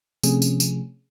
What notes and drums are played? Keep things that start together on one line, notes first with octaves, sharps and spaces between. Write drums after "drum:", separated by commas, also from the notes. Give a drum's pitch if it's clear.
C3 F3 A3 C#4 G#4, drum: tambourine
drum: tambourine
drum: tambourine